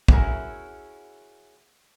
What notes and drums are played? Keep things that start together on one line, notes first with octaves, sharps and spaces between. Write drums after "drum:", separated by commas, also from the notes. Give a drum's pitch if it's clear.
B3 C#4 E4 F#4 G#4 A#4, drum: kick